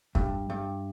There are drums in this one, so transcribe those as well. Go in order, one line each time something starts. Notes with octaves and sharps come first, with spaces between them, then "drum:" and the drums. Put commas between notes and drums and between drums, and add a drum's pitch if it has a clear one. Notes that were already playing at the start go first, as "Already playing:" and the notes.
G2, drum: kick
G2